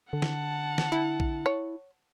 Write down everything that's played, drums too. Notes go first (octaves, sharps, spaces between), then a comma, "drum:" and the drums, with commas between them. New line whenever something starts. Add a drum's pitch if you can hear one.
D3 F#5 A5
drum: snare
drum: snare
E4
drum: kick A#1
C#5